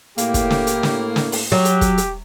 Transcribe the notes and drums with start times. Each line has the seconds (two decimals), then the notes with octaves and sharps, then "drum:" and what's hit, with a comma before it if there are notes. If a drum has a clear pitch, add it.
0.18 A2 A#3 G4, drum: hi-hat
0.34 drum: kick, hi-hat
0.50 drum: snare
0.67 drum: hi-hat
0.83 drum: snare
1.16 drum: snare
1.32 drum: open hi-hat
1.52 F#3 G4
1.65 drum: hi-hat
1.81 drum: kick, hi-hat
1.98 drum: hi-hat